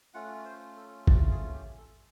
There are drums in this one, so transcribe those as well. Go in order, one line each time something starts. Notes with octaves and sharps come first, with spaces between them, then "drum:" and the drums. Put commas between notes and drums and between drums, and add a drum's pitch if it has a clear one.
A3 C#4 F4 F#5
C5
A4
D5, drum: kick
G#4
G4
A4